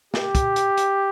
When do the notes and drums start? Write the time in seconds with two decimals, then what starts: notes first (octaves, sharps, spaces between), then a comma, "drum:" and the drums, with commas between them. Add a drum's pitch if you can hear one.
0.14 G4, drum: snare
0.35 drum: kick, hi-hat
0.56 drum: hi-hat
0.77 drum: hi-hat